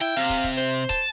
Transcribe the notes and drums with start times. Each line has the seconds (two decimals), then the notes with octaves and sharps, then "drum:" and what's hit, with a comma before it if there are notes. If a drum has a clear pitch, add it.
0.01 E4 G5
0.16 C3 F5
0.30 drum: kick, hi-hat
0.44 drum: kick
0.57 C5, drum: hi-hat
0.90 A5, drum: kick, hi-hat